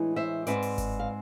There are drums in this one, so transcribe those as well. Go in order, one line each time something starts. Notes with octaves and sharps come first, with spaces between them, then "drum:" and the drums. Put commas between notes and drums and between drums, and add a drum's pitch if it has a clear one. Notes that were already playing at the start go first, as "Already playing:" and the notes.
Already playing: A2 E3 G#3 D4
C5 E5
G#2 G#3 C4 B4 D5, drum: hi-hat
drum: open hi-hat
drum: kick G1, hi-hat
F5